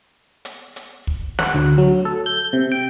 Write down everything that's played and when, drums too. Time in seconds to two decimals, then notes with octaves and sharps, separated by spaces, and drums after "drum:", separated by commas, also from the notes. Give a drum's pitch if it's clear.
0.45 drum: hi-hat
0.76 drum: hi-hat
1.07 drum: kick
1.39 F#5, drum: snare
1.55 D2
1.78 F#3
2.05 A4
2.26 G6
2.53 C3
2.72 G5